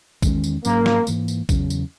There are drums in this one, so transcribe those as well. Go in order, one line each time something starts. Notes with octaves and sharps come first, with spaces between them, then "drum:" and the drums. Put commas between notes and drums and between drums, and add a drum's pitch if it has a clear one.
E2 D#3 G#3 C#4, drum: kick, tambourine
drum: tambourine
G#2 F#3 A#3 C#4, drum: tambourine
drum: snare
G#2 E3 A#3, drum: tambourine
drum: tambourine
E2 C#3 F#3 C#4, drum: kick, tambourine
drum: tambourine